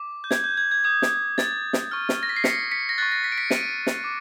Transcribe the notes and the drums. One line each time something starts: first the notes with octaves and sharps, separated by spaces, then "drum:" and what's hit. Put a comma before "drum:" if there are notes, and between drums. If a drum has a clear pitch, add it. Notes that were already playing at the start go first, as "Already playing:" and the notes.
Already playing: D6
G6
G#6, drum: snare
G6
G#6
G#6
D#6 G6 G#6
drum: snare
A6, drum: snare
drum: snare
C#6 F6
drum: snare
A#6
B6
C7
B6 C#7, drum: snare
B6 C#7
A#6
C#6 F#6 A6
A#6
B6
D7
B6 C#7
C#7 D#7, drum: snare
drum: snare
D6